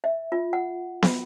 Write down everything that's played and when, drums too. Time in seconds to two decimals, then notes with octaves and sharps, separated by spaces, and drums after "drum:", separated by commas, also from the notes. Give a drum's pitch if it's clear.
0.04 E5
0.32 F4
0.53 F#5
1.02 B5, drum: snare